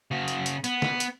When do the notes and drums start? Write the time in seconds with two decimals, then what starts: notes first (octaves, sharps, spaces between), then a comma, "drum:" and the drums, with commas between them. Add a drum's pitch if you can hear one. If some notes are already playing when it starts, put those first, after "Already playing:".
0.11 C#3 F#4
0.28 drum: hi-hat
0.46 drum: hi-hat
0.64 B3, drum: hi-hat
0.82 drum: snare
1.00 drum: hi-hat